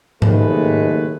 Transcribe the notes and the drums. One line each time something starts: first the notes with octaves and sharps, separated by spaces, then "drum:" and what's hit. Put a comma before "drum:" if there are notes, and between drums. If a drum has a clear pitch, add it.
F#1 D#2 G#3 A3 B4, drum: tom G#2